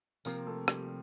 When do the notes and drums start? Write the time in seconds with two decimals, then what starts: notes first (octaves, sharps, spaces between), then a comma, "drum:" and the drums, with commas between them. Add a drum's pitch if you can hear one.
0.25 C3 F3 A#3 C4 A#4, drum: tambourine
0.47 A3 A4
0.68 G3 G4, drum: rim click
0.84 G4